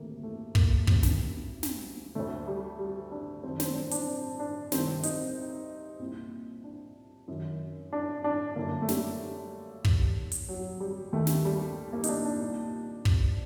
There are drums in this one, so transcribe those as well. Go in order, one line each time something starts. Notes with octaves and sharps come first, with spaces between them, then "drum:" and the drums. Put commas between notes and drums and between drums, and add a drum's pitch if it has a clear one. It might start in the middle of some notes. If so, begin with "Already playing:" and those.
Already playing: D2 C3 D#3 A3 A#3
A3
A#3, drum: kick
D2 C3 D#3, drum: kick
drum: snare
drum: snare
D2 D3 A3
G3
G3
D4
F#2 D#3 C4
C4, drum: snare
D4
D4, drum: hi-hat
D4
D4
C2 C3 D#3 C4, drum: snare
D#4, drum: hi-hat
C2 A#2
D4
F#2 D#3
D4
D4
F#2 D3 A#3
A3
G3, drum: snare
D#2 D#3, drum: kick
drum: hi-hat
F#3
G3
D#2 D#3 A3
drum: snare
G3
A#3
D#4, drum: hi-hat
D4
D4
C2 A#2
C4, drum: kick